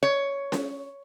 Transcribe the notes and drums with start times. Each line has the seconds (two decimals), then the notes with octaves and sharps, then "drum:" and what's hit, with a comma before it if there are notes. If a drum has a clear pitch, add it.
0.03 C#5
0.52 drum: snare C#4